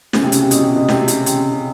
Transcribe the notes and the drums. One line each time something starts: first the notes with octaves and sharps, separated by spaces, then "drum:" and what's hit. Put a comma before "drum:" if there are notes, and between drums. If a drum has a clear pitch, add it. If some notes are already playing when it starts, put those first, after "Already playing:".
C#3, drum: snare
C3
C#3, drum: hi-hat
C3
B2, drum: hi-hat
C3
B2
C3, drum: snare
C#3, drum: hi-hat
C3, drum: hi-hat
C#3